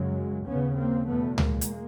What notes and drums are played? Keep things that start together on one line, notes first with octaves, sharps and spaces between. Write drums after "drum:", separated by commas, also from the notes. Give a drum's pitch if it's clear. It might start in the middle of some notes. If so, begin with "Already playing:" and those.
Already playing: F#2 C#3 F#3 G#3
D#2 C#3 B3 C#4
A#3 C4
E2 B2 A3 B3
G#3 A#3, drum: tom C#2
drum: hi-hat